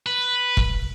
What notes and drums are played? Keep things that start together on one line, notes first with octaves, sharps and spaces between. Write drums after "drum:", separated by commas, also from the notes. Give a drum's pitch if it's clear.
B4
drum: kick